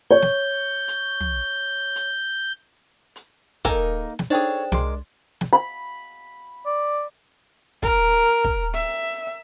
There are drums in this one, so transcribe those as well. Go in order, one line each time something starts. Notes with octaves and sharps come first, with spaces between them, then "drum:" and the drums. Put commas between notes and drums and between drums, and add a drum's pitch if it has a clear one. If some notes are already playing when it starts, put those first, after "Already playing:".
C#5 G6
drum: snare
drum: hi-hat
drum: tom
drum: hi-hat
drum: hi-hat
A#3 D#4 A4 A#4 G#5, drum: kick
drum: snare
D4 D#4 G#4 A4 C5 C#5 G5 A6
C2 G#3 A#4 C6 D6, drum: snare
drum: snare
B5
D5
A#4, drum: kick
drum: kick
E5